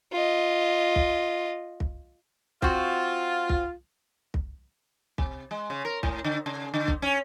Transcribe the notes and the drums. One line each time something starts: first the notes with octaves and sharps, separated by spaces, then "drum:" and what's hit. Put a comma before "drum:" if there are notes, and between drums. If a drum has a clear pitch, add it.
F4 D#5
drum: kick
drum: kick
C4 F4 F#4, drum: kick
drum: kick
drum: kick
C3, drum: kick
G#3
C#3
A#4
A2, drum: kick
D3
C#3
D3
drum: kick
C#4